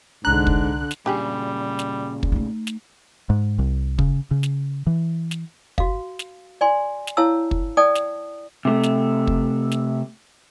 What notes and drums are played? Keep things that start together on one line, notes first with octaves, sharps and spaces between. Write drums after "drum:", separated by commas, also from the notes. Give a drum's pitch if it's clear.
C2 G#2 D3 A#5 F#6
drum: kick
drum: snare
A#2 C#3 G3 D4 G4 G#4
drum: snare
drum: kick
A3 D#4
drum: snare
G#2
C2
C#3, drum: kick
C#3
drum: snare
E3
drum: snare
F#4 F5, drum: kick
drum: snare
D5 G#5 C6
drum: snare
E4 C#5 F5 A5 E6
drum: kick
D5 G5 A5 D#6
drum: snare
C3 A3
drum: snare
drum: kick
drum: snare